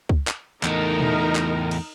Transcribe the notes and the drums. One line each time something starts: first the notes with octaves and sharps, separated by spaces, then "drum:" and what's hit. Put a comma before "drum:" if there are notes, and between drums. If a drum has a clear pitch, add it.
drum: kick C#2
drum: clap
E2 A3 D#4 A#4, drum: clap
drum: tom A#2
drum: clap
drum: cymbal